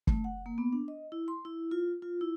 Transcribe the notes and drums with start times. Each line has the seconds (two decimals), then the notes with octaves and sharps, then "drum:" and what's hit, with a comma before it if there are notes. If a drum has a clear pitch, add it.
0.07 A3, drum: kick
0.24 F#5
0.46 A#3
0.58 B3
0.73 D4
0.88 D#5
1.12 E4
1.28 C6
1.45 E4
1.71 F4
2.02 F4
2.21 E4